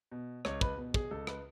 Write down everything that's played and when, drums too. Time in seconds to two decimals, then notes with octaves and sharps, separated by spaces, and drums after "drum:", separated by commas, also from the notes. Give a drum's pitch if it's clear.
0.12 B2
0.45 C#2 C#5, drum: rim click
0.61 B4, drum: kick
0.78 B2
0.94 G#4, drum: kick
1.11 C#2 A4
1.27 B4, drum: rim click